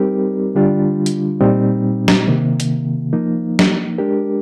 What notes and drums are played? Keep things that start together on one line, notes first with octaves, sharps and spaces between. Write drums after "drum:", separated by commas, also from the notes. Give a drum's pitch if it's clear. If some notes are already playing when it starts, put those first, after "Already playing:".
Already playing: G3 C4 D#4 G4 A#4
D3 G3 D4 F4
drum: hi-hat
A#2 G3 C4 D#4
drum: snare
C3 D#3 A#3
drum: hi-hat
F3 A#3 D#4
drum: snare
G#3 D4 G4 A#4